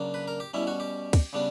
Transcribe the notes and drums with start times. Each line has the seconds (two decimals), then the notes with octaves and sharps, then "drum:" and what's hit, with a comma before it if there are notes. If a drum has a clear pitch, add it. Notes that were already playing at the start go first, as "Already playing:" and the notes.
Already playing: C#3 F#3 A#3 D4
0.14 B4
0.28 A#4
0.40 G4
0.54 B2 G3 C#4 E4
0.67 F#4
0.80 G4
1.13 drum: kick, cymbal
1.33 C#3 G3 B3 D4